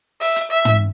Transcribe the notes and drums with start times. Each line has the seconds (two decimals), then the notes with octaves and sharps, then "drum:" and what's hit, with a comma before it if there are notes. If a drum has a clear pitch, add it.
0.21 E5, drum: open hi-hat
0.36 drum: hi-hat
0.51 E5
0.65 drum: tom